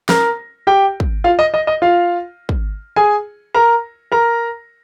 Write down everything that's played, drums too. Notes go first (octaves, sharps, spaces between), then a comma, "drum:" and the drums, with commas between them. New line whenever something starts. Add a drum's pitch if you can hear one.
A#4 A#5, drum: snare
G4 G5
drum: kick
F4 F5
D#5
D#5
D#5
F4 F5
drum: kick
G#4 G#5
A#4 A#5
A#4 A#5